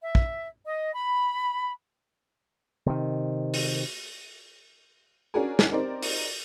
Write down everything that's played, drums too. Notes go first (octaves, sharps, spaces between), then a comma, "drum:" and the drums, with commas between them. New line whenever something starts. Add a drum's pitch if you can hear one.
E5
drum: kick
D#5
B5
C3 D#3
drum: open hi-hat
C#4 D4 F#4 G#4 A#4 G#5
drum: snare
C4 D#4 G4 A#4 C5 D5
drum: open hi-hat